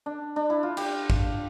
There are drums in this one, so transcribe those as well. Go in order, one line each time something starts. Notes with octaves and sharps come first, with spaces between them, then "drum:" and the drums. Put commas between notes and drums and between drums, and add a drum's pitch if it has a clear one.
D4
D4
E4
F4
G4, drum: cymbal
drum: kick